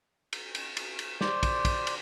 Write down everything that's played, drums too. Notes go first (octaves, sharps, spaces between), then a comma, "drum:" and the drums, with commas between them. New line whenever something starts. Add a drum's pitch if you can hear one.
drum: cymbal
drum: cymbal
drum: cymbal
drum: cymbal
C5 D5, drum: snare
drum: kick, cymbal
drum: kick, cymbal
drum: cymbal